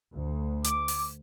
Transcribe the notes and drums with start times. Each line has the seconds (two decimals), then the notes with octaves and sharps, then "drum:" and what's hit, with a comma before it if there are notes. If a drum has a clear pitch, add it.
0.13 D2
0.64 D6, drum: hi-hat
0.88 drum: open hi-hat